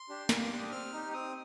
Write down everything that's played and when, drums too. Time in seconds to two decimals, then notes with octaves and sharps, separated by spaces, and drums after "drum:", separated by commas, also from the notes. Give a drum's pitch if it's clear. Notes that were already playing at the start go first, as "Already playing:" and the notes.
Already playing: C6
0.10 D4 G4
0.29 A#3, drum: snare
0.44 D6
0.51 D4 G4
0.58 D#6
0.71 C4 F6
0.93 D#4 G4
1.13 C4 D#6